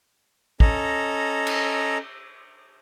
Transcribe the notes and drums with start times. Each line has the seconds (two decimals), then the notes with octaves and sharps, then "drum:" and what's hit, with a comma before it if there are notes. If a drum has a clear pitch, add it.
0.60 C#4 A4 D#5 A#5, drum: kick
1.47 drum: cymbal